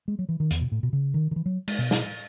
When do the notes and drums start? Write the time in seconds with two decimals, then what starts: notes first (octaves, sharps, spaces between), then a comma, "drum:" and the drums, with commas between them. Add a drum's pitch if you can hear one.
0.08 G#3
0.19 F#3
0.29 E3
0.40 D#3
0.51 E2, drum: hi-hat
0.61 B2
0.72 A2
0.83 B2
0.93 C#3
1.14 D#3
1.31 D#3
1.36 E3
1.46 F#3
1.68 G#3, drum: cymbal
1.79 B2
1.91 drum: snare